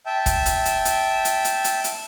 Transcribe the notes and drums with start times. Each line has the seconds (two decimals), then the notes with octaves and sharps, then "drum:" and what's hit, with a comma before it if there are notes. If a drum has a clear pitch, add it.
0.06 E5 G5 A5
0.26 drum: kick, hi-hat
0.46 drum: hi-hat
0.65 drum: hi-hat
0.85 drum: hi-hat
1.25 drum: hi-hat
1.45 drum: hi-hat
1.64 drum: hi-hat
1.84 drum: hi-hat